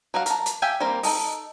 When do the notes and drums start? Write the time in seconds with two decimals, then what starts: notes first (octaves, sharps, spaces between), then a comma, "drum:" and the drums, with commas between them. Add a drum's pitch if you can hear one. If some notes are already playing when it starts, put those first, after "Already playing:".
0.14 F#3 F#4 A#4 F5
0.26 A#4 A5, drum: hi-hat
0.46 drum: hi-hat
0.62 G4 E5 F5 G5 G#5
0.80 G3 A#3 C4 A#4
1.03 D#4 A4 D#5, drum: open hi-hat